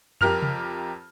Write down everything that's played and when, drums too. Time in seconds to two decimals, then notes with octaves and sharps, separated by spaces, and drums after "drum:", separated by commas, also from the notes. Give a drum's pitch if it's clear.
0.21 F2 G4 A#4 F6 F7, drum: tom
0.42 drum: tom C3